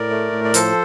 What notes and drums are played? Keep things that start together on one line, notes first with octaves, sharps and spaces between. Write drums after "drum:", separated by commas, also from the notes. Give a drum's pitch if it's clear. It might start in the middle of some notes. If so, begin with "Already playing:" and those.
Already playing: A2 A#4 D5
A3
A2
D5
F3 A4 C5, drum: hi-hat